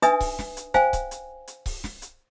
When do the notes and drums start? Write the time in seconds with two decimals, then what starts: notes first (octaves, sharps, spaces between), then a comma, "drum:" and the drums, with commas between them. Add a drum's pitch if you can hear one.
0.02 D4 D#4 B4 E5 G#5 D#6, drum: hi-hat
0.20 drum: kick C#1, open hi-hat
0.39 drum: snare
0.57 drum: hi-hat
0.74 C5 F5 G5 G#5, drum: snare
0.93 drum: kick C#1, hi-hat
1.11 drum: hi-hat
1.48 drum: hi-hat
1.66 drum: kick C#1, open hi-hat
1.84 drum: snare
2.02 drum: hi-hat